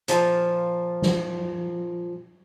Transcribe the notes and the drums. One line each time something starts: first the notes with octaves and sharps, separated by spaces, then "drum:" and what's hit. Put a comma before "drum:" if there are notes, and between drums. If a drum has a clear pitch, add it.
A#2 F3, drum: hi-hat
drum: snare